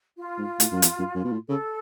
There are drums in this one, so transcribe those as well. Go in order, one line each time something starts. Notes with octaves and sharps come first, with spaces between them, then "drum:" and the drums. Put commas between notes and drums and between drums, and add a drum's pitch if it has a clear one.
F4
G#2
A2, drum: hi-hat
F#2
F2, drum: hi-hat
F#2
F#2
B2
A2
C#3 A4